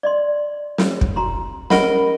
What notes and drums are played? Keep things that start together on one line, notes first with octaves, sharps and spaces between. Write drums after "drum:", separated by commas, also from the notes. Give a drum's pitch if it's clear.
D5 D#5 C6
drum: snare
drum: kick
F#4 A#5 C6
C#4 G4 A#4 D#5 F#5 B5, drum: snare